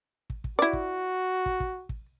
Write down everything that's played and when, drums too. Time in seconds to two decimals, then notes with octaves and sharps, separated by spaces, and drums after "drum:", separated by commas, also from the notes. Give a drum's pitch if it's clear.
0.30 drum: kick
0.44 drum: kick
0.59 E4 F#4 D5
0.73 drum: kick
1.46 drum: kick
1.60 drum: kick
1.89 drum: kick